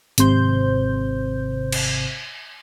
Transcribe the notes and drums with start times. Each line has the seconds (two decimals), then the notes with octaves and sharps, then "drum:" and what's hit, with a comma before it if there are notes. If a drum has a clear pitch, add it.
0.18 G#1 C3 C5 G6, drum: hi-hat
1.72 drum: cymbal